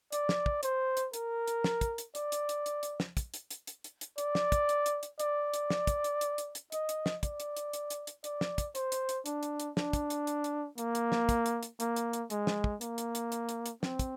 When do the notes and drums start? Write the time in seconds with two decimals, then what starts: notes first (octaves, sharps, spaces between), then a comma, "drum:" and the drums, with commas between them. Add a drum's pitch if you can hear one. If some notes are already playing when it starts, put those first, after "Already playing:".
0.12 D5, drum: hi-hat
0.29 drum: snare
0.46 drum: kick
0.63 C5, drum: hi-hat
0.97 drum: hi-hat
1.14 A#4, drum: hi-hat
1.47 drum: hi-hat
1.64 drum: snare
1.81 drum: kick, hi-hat
1.98 drum: hi-hat
2.15 D5, drum: hi-hat
2.32 drum: hi-hat
2.49 drum: hi-hat
2.66 drum: hi-hat
2.83 drum: hi-hat
3.00 drum: snare
3.17 drum: kick, hi-hat
3.34 drum: hi-hat
3.51 drum: hi-hat
3.67 drum: hi-hat
3.84 drum: hi-hat
4.01 drum: hi-hat
4.18 D5, drum: hi-hat
4.35 drum: snare
4.52 drum: kick, hi-hat
4.69 drum: hi-hat
4.86 drum: hi-hat
5.03 drum: hi-hat
5.20 D5, drum: hi-hat
5.54 drum: hi-hat
5.70 drum: snare
5.87 drum: kick, hi-hat
6.04 drum: hi-hat
6.21 drum: hi-hat
6.38 drum: hi-hat
6.55 drum: hi-hat
6.72 D#5, drum: hi-hat
6.89 drum: hi-hat
7.06 drum: snare
7.23 D5, drum: kick, hi-hat
7.40 drum: hi-hat
7.57 drum: hi-hat
7.73 drum: hi-hat
7.90 drum: hi-hat
8.07 drum: hi-hat
8.24 D5, drum: hi-hat
8.41 drum: snare
8.58 drum: kick, hi-hat
8.75 C5, drum: hi-hat
8.92 drum: hi-hat
9.09 drum: hi-hat
9.26 D4, drum: hi-hat
9.43 drum: hi-hat
9.60 drum: hi-hat
9.77 D4, drum: snare
9.93 drum: kick, hi-hat
10.10 drum: hi-hat
10.27 drum: hi-hat
10.44 drum: hi-hat
10.78 A#3, drum: hi-hat
10.95 drum: hi-hat
11.12 drum: snare
11.29 drum: kick, hi-hat
11.46 drum: hi-hat
11.63 drum: hi-hat
11.80 A#3, drum: hi-hat
11.96 drum: hi-hat
12.13 drum: hi-hat
12.30 G#3, drum: hi-hat
12.47 drum: snare
12.64 drum: kick
12.81 A#3, drum: hi-hat
12.98 drum: hi-hat
13.15 drum: hi-hat
13.32 drum: hi-hat
13.49 drum: hi-hat
13.66 drum: hi-hat
13.83 C4, drum: snare
13.99 drum: kick, hi-hat